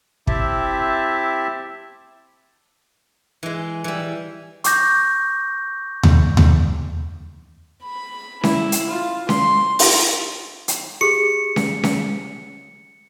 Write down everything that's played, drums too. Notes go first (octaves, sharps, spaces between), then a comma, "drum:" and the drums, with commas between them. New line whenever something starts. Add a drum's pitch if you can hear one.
C4 E4 G4 E5 A5, drum: kick
E3 G#3
E3 G3
C#6 D6 G6 A#6, drum: hi-hat
drum: tom D#2
drum: tom D#2
B5
E4, drum: snare C#4
drum: hi-hat
F4
C6, drum: snare C#4
drum: open hi-hat
drum: hi-hat
G4 G#4 C#7
drum: snare C#4
drum: snare C#4